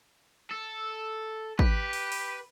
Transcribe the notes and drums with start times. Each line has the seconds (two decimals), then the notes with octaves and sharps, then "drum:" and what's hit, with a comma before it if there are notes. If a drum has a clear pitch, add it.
0.51 A4
1.59 G4 B4, drum: kick
1.93 drum: open hi-hat
2.12 drum: open hi-hat